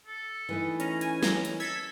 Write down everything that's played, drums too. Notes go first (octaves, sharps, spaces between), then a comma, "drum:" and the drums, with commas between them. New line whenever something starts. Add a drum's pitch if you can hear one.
A4
E3 A3 D#4
C#4 A#5, drum: hi-hat
G#5, drum: hi-hat
A#5, drum: snare
drum: hi-hat
A4 E6 G#6 B6